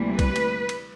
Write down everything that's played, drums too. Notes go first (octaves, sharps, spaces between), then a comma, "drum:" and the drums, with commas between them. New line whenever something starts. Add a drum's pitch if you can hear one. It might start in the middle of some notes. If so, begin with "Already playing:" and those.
Already playing: D2 C3 E3 G3 A#3
B4, drum: kick B1, cymbal
drum: cymbal
drum: cymbal